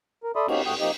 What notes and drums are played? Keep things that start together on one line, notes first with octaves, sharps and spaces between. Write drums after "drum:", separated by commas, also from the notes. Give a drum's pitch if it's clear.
A#4
A4 D5 E5 B5 C6 D#6
A#3 C4 C#4 D#4 F#4 G4, drum: cymbal
G#2 A3 F#4 F#5 G5 D#6
F3 A#3 C4 D#4 G4 D#5